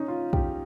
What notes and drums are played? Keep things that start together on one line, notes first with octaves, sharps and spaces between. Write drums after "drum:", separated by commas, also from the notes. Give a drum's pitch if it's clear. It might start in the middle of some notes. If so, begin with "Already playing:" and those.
Already playing: C#4 D#4
F4
G4, drum: kick